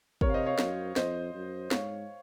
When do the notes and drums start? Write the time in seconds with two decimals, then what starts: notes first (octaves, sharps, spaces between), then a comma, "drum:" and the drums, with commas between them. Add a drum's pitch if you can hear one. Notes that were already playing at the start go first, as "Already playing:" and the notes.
0.21 C3 A#4 C#5, drum: kick
0.30 F5
0.34 C5 D#5
0.46 C#5 F5
0.58 F#2, drum: snare
0.96 F2 C5 D#5, drum: snare
1.34 F#2
1.71 G#2 C#5 F5, drum: snare